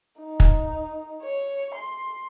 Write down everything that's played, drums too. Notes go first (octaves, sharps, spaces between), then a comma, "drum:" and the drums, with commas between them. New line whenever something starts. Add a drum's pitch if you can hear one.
D#4
drum: kick
C#5
C6